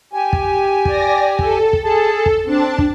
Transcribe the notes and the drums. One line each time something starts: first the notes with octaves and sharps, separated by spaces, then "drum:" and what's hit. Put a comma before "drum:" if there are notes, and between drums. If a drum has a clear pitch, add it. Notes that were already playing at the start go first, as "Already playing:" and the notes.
G4 G#5
drum: kick
D5 A#6, drum: kick
A4, drum: kick
drum: kick
G#4 A4 A5
drum: kick
C4 D4 A5
drum: kick